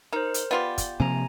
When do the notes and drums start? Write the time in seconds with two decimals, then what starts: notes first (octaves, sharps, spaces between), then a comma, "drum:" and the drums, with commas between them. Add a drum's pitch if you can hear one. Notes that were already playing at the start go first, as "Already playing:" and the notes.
0.13 D#4 A#4 C5
0.34 drum: hi-hat
0.51 B3 F4 G4 D5
0.78 drum: kick, hi-hat
1.00 C3 F3 A#3 G#5 A#5